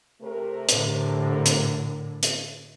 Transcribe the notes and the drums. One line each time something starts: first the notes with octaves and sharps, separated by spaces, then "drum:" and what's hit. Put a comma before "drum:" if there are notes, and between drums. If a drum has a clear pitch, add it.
C3 A3 A#4
A2 D3, drum: hi-hat
drum: hi-hat
drum: hi-hat